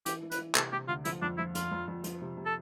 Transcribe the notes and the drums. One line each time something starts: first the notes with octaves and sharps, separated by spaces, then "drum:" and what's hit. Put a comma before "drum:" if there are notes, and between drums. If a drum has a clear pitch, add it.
E3 G4, drum: hi-hat
E3
B4, drum: hi-hat
E3
C3 A4, drum: clap
C3 G4
D2 F4
F3 E4, drum: hi-hat
F2 D4
F3 E4
F2 F4, drum: hi-hat
F2
F2
F3, drum: hi-hat
C3
C3
A4